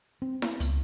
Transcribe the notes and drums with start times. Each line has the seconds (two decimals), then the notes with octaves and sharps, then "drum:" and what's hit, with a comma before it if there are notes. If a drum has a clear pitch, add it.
0.22 C4
0.42 drum: snare E4
0.60 C#2, drum: hi-hat